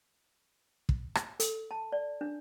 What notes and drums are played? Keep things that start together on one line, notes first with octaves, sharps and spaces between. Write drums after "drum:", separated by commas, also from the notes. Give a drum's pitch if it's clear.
drum: kick
drum: rim click
A4, drum: hi-hat
A5
D5
D4